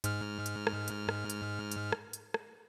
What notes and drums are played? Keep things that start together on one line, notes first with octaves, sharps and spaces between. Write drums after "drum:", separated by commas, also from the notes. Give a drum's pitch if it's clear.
G#2 F6, drum: hi-hat
drum: hi-hat
drum: rim click
drum: hi-hat
drum: rim click
drum: hi-hat
drum: hi-hat
drum: rim click
drum: hi-hat
drum: rim click